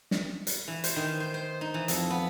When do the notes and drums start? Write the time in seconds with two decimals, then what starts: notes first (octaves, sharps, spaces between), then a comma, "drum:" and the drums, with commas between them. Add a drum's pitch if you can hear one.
0.11 drum: snare
0.47 drum: hi-hat
0.68 E3
0.84 C5, drum: hi-hat
0.96 D#3
1.20 C5
1.34 C5
1.61 D#4
1.74 E3
1.88 F2, drum: hi-hat
2.10 B3